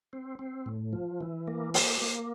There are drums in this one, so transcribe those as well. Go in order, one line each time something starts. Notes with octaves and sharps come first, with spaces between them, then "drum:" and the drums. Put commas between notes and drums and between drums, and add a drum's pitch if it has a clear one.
C4
C4
A2
F3
E3
A#3
A#3, drum: open hi-hat
A#3